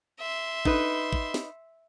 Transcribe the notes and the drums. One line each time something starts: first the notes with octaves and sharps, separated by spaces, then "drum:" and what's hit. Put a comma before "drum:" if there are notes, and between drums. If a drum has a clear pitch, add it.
E5 C6
D#4 B4, drum: kick
drum: kick
drum: snare